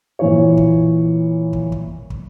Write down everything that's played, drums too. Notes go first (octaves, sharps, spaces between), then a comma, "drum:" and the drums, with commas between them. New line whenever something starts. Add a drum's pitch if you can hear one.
A#2 E3 C#5
drum: kick
drum: kick
drum: kick
drum: kick